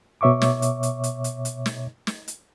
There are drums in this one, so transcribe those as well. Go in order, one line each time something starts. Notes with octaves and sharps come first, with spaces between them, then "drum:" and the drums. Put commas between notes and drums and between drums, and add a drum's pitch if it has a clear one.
B2 C#5 E5 C#6 D6
drum: snare
drum: hi-hat
drum: hi-hat
drum: hi-hat
drum: hi-hat
drum: hi-hat
drum: snare
drum: snare
drum: hi-hat